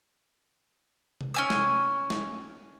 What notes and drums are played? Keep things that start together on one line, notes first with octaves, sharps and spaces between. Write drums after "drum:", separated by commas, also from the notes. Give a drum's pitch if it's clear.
drum: tom C3
C#4 G#5 E6
drum: snare
drum: snare